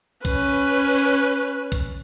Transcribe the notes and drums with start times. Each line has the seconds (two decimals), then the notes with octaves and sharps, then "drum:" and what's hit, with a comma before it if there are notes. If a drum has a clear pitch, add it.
0.25 C#4 B4, drum: kick A#1, hi-hat
0.98 drum: hi-hat
1.72 drum: kick A#1, hi-hat